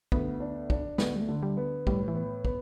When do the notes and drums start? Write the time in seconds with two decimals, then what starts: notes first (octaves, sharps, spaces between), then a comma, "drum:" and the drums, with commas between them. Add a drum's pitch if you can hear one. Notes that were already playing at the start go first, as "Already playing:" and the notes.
0.12 D2 B3, drum: kick
0.40 D4
0.70 D4, drum: kick
0.98 D2 B3, drum: snare
1.16 G3
1.21 A3
1.28 D3
1.43 G3
1.57 B3
1.87 A2 G3, drum: kick
2.08 E3
2.15 B3
2.45 B3, drum: kick